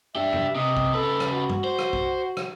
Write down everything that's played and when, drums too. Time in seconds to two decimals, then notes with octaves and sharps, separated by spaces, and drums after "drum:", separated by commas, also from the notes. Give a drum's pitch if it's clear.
0.15 D4 G4 E5
0.33 drum: tom
0.55 C3 D#5
0.77 drum: kick B1
0.94 C#3 A4 B4
1.20 drum: rim click
1.32 F#4
1.49 drum: tom
1.64 C5
1.79 drum: rim click
1.93 drum: kick B1
2.37 drum: rim click